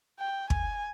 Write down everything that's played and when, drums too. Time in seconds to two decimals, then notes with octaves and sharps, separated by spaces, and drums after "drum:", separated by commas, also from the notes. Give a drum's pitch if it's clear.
0.20 G5
0.50 G#5, drum: kick